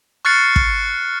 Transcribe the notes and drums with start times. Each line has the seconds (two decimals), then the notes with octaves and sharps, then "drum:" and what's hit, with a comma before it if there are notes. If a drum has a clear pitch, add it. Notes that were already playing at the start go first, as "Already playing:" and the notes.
0.25 C#6 F6 F#6 A6 C7 C#7
0.56 drum: kick